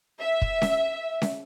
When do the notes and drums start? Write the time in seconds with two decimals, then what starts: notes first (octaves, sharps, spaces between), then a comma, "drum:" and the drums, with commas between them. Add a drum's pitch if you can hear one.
0.22 E5
0.42 drum: kick
0.62 drum: snare C#4
1.22 drum: snare C#4